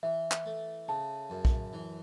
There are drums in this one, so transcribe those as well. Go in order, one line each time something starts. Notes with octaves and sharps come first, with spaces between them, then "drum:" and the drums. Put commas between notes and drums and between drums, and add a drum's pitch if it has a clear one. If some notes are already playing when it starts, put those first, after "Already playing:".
E3 E5
drum: clap
A3
C#3 A5
F#2
drum: kick
E3